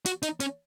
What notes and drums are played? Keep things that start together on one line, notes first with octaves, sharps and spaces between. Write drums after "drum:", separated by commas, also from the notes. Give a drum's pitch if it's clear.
F#4, drum: hi-hat
D#4, drum: hi-hat
C#4, drum: hi-hat